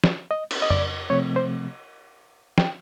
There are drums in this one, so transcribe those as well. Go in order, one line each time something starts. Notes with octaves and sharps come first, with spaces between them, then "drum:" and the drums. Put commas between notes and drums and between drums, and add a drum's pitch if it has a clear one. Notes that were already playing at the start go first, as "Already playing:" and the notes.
drum: snare
D#5
drum: cymbal
D#5
D5, drum: tom F2
C3 F3 A3 C4 C#5
C5
G5, drum: snare